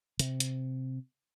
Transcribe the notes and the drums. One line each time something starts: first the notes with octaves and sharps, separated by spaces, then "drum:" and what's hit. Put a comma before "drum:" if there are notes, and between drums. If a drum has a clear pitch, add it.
C3, drum: hi-hat
drum: hi-hat